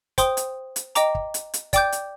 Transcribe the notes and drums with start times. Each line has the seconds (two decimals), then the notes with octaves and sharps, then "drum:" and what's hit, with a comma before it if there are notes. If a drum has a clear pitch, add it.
0.18 C5 G5 C6 D#6, drum: kick, hi-hat
0.37 drum: hi-hat
0.76 drum: hi-hat
0.95 D#5 G5 A#5 D6, drum: hi-hat
1.15 drum: kick
1.34 drum: hi-hat
1.54 drum: hi-hat
1.73 D5 G5 D6 G6, drum: kick, hi-hat
1.92 drum: hi-hat